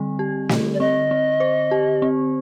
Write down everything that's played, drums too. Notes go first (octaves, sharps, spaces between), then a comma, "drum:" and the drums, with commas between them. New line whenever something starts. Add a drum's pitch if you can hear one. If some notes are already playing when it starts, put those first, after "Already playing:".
Already playing: D3 G3 C4
G4
D3, drum: snare
D5
C4 D#5
C4
C5
G4
C4